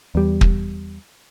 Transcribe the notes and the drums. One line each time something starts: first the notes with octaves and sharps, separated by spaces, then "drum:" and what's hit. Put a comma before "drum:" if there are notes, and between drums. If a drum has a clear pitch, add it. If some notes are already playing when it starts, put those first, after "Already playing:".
E2 G3
drum: kick